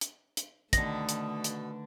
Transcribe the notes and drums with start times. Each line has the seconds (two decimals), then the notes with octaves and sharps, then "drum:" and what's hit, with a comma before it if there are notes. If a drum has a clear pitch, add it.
0.01 drum: hi-hat
0.37 drum: hi-hat
0.73 B2 D3 D#3 A3 A#6, drum: kick, hi-hat
1.09 drum: hi-hat
1.44 drum: hi-hat